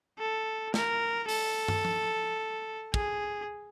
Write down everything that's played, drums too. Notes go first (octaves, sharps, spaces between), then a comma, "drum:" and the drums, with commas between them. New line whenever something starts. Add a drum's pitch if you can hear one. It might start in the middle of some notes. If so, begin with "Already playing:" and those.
A4
A#4, drum: snare
A4, drum: open hi-hat
drum: tom
drum: tom F3
G#4, drum: kick